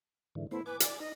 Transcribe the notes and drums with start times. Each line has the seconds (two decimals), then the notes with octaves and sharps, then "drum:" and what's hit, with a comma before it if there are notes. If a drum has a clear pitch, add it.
0.35 G#2 D3 E3
0.51 A3 B3 E4 C5
0.66 B4 G#5 D6
0.80 D5, drum: hi-hat
1.00 D#4 D#5